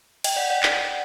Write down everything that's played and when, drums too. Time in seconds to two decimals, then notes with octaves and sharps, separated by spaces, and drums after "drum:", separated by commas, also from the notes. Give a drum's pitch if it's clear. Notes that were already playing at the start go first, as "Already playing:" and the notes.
0.24 D#5 G5, drum: cymbal
0.36 D5 F#5
0.50 D5 F#5
0.63 drum: clap